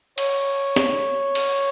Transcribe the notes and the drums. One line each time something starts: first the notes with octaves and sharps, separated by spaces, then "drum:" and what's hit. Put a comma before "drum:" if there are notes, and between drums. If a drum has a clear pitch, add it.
C#5, drum: cymbal
drum: snare
drum: cymbal